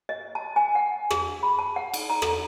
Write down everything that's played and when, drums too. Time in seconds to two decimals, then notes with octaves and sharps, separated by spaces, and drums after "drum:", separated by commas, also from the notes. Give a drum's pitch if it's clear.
0.09 D#5
0.35 A5
0.56 G#5
0.75 F#5
1.11 G#4, drum: rim click
1.43 B5
1.59 A5
1.76 F#5
1.94 drum: cymbal
2.10 A#5
2.22 A4, drum: rim click